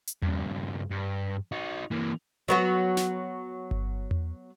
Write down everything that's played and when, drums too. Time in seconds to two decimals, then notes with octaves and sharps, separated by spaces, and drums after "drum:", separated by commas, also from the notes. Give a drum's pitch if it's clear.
0.07 drum: hi-hat
0.22 G2 C#3, drum: tom E2
0.91 G2
1.52 D#4 F#4
1.91 E3 A#3
2.48 F#3 B3 F#4
2.97 drum: snare
3.71 drum: kick G1
4.11 drum: tom E2